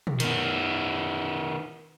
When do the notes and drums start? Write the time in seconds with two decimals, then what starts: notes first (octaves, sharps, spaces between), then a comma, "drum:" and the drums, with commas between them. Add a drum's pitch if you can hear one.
0.07 drum: tom
0.20 D#3 B3, drum: hi-hat